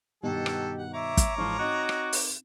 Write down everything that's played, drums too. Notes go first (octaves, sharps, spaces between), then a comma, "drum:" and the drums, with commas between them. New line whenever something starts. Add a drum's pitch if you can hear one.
G2 B2 D#3 F#3 G4 A4
drum: rim click
F#5
C#5 E5 A#5 D6
drum: kick, hi-hat
G#2 E3 F3 C#6
C4 D#4 F#4 D#5
drum: rim click
drum: open hi-hat